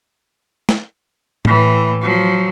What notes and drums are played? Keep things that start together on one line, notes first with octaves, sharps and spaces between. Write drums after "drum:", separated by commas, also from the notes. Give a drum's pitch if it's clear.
drum: snare
A2 E3, drum: tom A2
F3 F#3